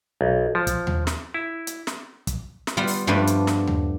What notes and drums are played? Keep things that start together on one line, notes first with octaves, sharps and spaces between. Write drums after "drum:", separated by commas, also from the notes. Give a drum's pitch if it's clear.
B1
F3
drum: kick, hi-hat
drum: tom D#2
drum: snare
E4
drum: hi-hat
drum: snare
drum: kick, hi-hat
drum: snare
G3 B3 F4 F#5
drum: open hi-hat
G2 F3 G3 A3 D4 B4
drum: hi-hat
drum: snare
drum: tom D#2